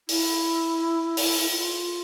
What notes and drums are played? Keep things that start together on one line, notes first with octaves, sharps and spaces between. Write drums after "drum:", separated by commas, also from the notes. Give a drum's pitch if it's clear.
E4, drum: open hi-hat
drum: open hi-hat
F4